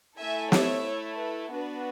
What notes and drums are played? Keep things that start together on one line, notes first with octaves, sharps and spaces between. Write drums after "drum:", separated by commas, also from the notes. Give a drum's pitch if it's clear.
A3 E4 A4 E5 G#5
C#5 E5, drum: snare
C#5
B4
B3 D4 F#4 B4